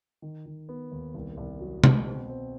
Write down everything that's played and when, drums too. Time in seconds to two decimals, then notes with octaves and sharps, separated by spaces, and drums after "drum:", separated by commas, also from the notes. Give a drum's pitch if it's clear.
0.22 D#3
0.46 D#3
0.69 B3
0.92 D#2
1.14 C2
1.37 C2
1.60 F#3
1.84 B2, drum: tom
2.06 C4
2.29 C4